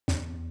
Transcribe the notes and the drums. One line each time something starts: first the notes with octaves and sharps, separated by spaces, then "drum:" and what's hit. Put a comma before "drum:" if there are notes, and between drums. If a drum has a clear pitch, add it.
E2, drum: snare